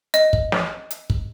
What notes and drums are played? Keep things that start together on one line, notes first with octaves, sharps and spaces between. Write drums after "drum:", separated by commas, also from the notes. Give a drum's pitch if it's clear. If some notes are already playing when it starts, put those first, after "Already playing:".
D#5, drum: hi-hat
drum: kick
drum: snare
drum: hi-hat
drum: kick